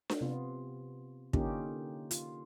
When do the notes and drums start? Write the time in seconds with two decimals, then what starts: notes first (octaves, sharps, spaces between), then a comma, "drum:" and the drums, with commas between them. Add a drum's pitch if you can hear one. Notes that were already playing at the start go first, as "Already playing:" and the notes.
0.10 drum: snare D4
0.21 C3 B3 F4
1.33 D3 A#3 C#4 D#4 F4 G4, drum: kick
2.11 F4, drum: hi-hat